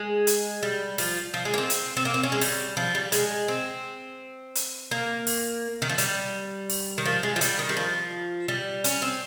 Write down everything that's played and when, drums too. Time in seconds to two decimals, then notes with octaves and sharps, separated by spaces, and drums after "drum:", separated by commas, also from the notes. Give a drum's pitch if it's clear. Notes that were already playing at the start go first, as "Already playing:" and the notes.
Already playing: G#3
0.27 drum: hi-hat
0.63 G3
0.98 F3, drum: open hi-hat
1.34 F3
1.45 G#3
1.54 A#3
1.58 C4
1.70 drum: hi-hat
1.97 C4
2.05 A#3
2.14 C4
2.23 C#4
2.32 G#3
2.41 G3, drum: open hi-hat
2.77 F3
2.95 G3
3.12 G#3, drum: hi-hat
3.48 C4
4.55 drum: hi-hat
4.91 A#3
5.27 drum: open hi-hat
5.82 D#3
5.89 F3
5.98 G3, drum: hi-hat
6.70 drum: open hi-hat
6.98 D#3
7.06 F3
7.23 G#3
7.36 F3
7.41 G3, drum: hi-hat
7.59 D#3
7.69 G3
7.77 F3
8.48 G3
8.84 C#4, drum: hi-hat
9.02 C4